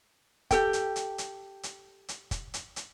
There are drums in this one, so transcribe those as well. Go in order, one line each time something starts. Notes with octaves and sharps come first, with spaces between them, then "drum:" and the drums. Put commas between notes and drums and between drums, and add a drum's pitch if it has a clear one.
G4 A4 G5, drum: kick, hi-hat
drum: hi-hat
drum: hi-hat
drum: hi-hat
drum: hi-hat
drum: hi-hat
drum: kick, hi-hat
drum: hi-hat
drum: hi-hat